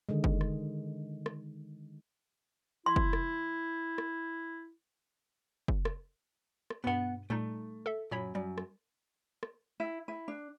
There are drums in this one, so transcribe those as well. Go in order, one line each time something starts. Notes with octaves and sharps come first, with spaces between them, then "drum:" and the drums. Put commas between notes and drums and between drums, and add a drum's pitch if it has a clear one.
D3 D#3 G#3
drum: kick
drum: rim click
drum: rim click
E4 C6
drum: kick
drum: rim click
drum: rim click
drum: kick
drum: rim click
drum: rim click
G2 B2 B3 F#5
A#2 G3 A3 D#4
A4 E5
F#2 A#2 C#5 B5
F#2 G3
drum: rim click
drum: rim click
E4
E4
D4